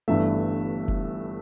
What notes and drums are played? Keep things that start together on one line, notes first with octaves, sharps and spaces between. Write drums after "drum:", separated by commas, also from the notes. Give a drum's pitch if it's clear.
G1 G2 E3 A3 E5
drum: kick F1